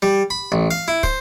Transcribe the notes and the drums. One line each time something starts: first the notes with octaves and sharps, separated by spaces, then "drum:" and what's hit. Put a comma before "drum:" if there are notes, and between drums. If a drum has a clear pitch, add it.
G3
B5
A1
F5
E4
C5, drum: kick